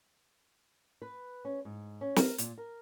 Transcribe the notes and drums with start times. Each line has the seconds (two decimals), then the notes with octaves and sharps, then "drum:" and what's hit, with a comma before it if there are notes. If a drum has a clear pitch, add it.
1.02 B4
1.45 C#4
1.65 G#2
2.01 C#4
2.16 A#4, drum: snare
2.38 A#2, drum: hi-hat
2.58 A#4